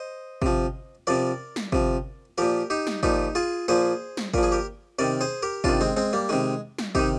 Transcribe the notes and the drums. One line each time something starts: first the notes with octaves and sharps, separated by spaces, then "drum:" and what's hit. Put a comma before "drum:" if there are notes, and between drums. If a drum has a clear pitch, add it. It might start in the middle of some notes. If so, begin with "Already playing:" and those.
Already playing: C5 D#5
C3 F3, drum: kick
C3 F3 A#4 D5
drum: snare
C3 F3, drum: kick
A#2 F3 G4 A#4
D#4 G4
drum: snare
A#2 F3 D#4 G4, drum: kick
F4 G#4
A#2 F3 G#4 C5
drum: snare
A#2 F3 A#4, drum: kick
G#4
G4 A#4
C3 D#3 A#4 D5
G#4 C5
G4 A#4
C3 D#3 D4 F4, drum: kick
G#3 C4
G#3 C4
G3 A#3
C3 D#3 G#3
drum: snare
C3 D#3 D#4 G4, drum: kick